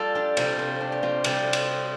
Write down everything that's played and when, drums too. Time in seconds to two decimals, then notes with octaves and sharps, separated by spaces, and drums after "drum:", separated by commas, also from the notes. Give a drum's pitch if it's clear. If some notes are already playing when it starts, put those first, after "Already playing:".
Already playing: G3 F4 A4 D5
0.15 D4 G4
0.37 C3 G3 C4 F4, drum: cymbal
0.59 C4
0.81 D4
0.92 G4
1.03 C4 F4
1.24 C3 G3 C4, drum: cymbal
1.53 drum: cymbal